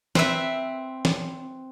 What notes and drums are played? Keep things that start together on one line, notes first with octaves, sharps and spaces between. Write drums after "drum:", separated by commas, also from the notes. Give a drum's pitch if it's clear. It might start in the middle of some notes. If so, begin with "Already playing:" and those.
C4 B4 E5, drum: snare
drum: snare